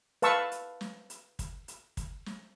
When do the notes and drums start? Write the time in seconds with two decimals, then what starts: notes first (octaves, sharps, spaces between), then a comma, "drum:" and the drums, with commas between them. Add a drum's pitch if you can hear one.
0.22 B4 F5 A5 C#6 E6, drum: hi-hat
0.52 drum: hi-hat
0.81 drum: snare
1.10 drum: hi-hat
1.39 drum: kick, hi-hat
1.68 drum: hi-hat
1.97 drum: kick, hi-hat
2.26 drum: snare